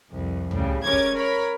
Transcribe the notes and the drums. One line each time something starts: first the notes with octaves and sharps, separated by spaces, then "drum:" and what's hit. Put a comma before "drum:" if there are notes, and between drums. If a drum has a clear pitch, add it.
C2 F2
A2 C#3 G3, drum: tom
G#3 C#4 A#4 C#5 D6 G#6
drum: kick
A#4 C#5 B5